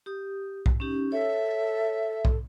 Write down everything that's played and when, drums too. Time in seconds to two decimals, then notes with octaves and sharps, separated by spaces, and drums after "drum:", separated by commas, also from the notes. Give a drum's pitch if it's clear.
0.06 G4 D#6
0.66 drum: kick B1
0.80 C#4 D#4 G4
1.12 A4 C#5 E5
2.25 drum: kick B1